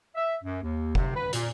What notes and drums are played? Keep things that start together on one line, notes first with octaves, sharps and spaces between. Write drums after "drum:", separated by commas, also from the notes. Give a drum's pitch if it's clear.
E5
F#2
D#2
C3, drum: kick F#1
B4
A#2, drum: hi-hat